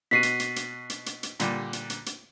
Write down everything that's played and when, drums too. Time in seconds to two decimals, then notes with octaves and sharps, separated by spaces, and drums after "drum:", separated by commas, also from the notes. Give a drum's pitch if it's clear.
0.11 B2 F#4 B6 C7 D#7
0.23 drum: hi-hat
0.40 drum: hi-hat
0.56 drum: hi-hat
0.90 drum: hi-hat
1.06 drum: hi-hat
1.23 drum: hi-hat
1.40 A#2 D3 G3, drum: hi-hat
1.73 drum: hi-hat
1.90 drum: hi-hat
2.06 drum: hi-hat